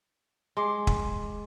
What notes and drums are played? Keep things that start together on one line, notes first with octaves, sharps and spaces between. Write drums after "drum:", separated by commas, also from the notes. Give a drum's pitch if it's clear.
G#3 C6 D6
drum: kick